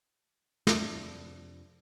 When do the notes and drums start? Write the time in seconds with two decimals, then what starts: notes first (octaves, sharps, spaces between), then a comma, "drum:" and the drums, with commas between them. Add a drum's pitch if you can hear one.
0.67 F2 C3 D4, drum: snare